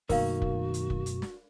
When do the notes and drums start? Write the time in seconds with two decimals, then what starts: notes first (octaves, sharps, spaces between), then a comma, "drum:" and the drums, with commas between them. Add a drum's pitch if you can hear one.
0.09 F#2 B2 D#3 A3 A#3 F#4 A#4 F5, drum: kick, open hi-hat
0.42 drum: kick
0.74 drum: hi-hat
0.90 drum: kick
1.06 drum: hi-hat
1.22 drum: snare